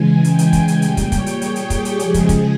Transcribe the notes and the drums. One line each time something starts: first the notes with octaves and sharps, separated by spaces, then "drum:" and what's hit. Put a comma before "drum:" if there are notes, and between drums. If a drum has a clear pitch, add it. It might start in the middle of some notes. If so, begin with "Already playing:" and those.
Already playing: C#3 E3 G#3 G#5
G5, drum: hi-hat
drum: hi-hat
G#5, drum: kick, hi-hat
drum: hi-hat
A#2 G3 G5, drum: hi-hat
drum: kick, hi-hat
C#5, drum: kick, hi-hat
drum: hi-hat
G#4, drum: hi-hat
drum: hi-hat
G4, drum: kick, hi-hat
drum: hi-hat
C#3 F3 G#3 G#4, drum: hi-hat
drum: kick, hi-hat
drum: kick, hi-hat